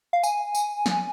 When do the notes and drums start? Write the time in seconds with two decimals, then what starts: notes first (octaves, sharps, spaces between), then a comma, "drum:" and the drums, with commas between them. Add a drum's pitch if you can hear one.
0.13 F5
0.23 G#5, drum: tambourine
0.55 drum: tambourine
0.86 drum: snare